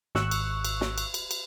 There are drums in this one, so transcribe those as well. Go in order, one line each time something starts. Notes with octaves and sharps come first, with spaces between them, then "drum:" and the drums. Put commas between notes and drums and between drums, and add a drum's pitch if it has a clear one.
G#1 C#6 E6 F#6, drum: snare
drum: cymbal
drum: cymbal
drum: snare
drum: cymbal
drum: cymbal
drum: cymbal